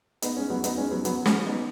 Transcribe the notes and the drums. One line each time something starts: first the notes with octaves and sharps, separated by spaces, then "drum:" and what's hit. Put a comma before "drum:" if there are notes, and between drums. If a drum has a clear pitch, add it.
B3 D#4, drum: hi-hat
G#3 C#4
F#3 B3
B3 D#4, drum: hi-hat
G#3 C#4
F#3 B3
F#3 B3, drum: hi-hat
G#3 C#4, drum: snare
B3 D#4